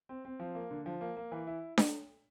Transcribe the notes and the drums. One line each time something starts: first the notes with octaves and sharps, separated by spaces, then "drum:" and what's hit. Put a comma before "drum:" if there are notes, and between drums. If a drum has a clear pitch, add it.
C4
C4
F3
A#3
D3
F3
A#3
A#3
E3
E4
drum: snare D4